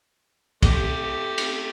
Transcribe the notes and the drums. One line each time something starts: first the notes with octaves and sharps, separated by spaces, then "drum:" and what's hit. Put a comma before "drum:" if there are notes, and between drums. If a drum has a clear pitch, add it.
A3 G4, drum: kick, cymbal
drum: cymbal